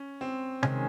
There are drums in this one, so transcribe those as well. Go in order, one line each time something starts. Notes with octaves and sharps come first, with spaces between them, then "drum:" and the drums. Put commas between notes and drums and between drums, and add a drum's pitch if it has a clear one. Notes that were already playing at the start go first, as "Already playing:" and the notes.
Already playing: C#4
C4
D#3 G#3 C#4, drum: tom C3